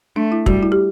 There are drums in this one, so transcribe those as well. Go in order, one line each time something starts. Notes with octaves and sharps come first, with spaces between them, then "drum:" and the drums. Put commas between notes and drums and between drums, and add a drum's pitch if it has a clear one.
A3 D4
E4
G3 F#4, drum: kick
E4
G4